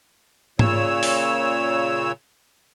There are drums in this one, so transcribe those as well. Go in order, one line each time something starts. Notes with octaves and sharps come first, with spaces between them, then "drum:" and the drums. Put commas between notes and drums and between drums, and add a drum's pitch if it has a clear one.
A#2 C#3 C#5 E6, drum: tom G#2
drum: open hi-hat